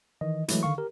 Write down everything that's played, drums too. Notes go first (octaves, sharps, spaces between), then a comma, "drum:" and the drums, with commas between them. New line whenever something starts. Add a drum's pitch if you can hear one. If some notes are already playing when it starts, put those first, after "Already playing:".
D#3 E3 D#5
E3 F#3 G#3 A3 E4, drum: hi-hat
D3 D#3 F5 C#6
G4 A#4